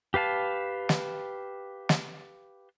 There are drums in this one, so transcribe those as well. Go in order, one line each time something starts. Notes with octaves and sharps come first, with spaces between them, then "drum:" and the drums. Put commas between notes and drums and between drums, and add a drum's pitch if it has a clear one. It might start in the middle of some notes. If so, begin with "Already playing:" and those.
G4 B4 F5 A5
drum: snare
drum: snare